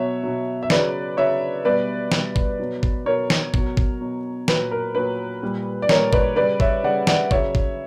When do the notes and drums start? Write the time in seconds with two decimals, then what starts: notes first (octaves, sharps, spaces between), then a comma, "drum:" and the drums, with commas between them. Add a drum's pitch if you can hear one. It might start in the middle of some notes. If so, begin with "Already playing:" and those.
Already playing: B2 F#3 C#5 E5
0.23 B2 F#3
0.63 E5
0.70 C#3 F#3 B4 D5, drum: snare
1.17 C#3 F#3 C#5 E5
1.65 B2 G3 B4 D5
2.12 B2 G3, drum: snare
2.36 drum: kick G#1
2.59 B2 F#3
2.83 drum: kick G#1
3.06 B2 F#3 A#4 C#5
3.30 drum: snare
3.54 B2 F#3, drum: kick G#1
3.77 drum: kick G#1
4.01 B2 F#3
4.48 A#2 F#3 B4, drum: snare
4.71 A#4
4.95 A#2 F#3 B4
5.43 A#2 G3
5.82 D5
5.89 A#2 G3 A#4 C#5, drum: snare
6.13 B4 D5, drum: kick G#1
6.36 C#3 G3 B4 D5
6.60 C#5 E5, drum: kick G#1
6.83 C#3 G3 D5 F#5
7.07 D5 F#5, drum: snare
7.31 C#3 F#3 C#5 E5, drum: kick G#1
7.55 drum: kick G#1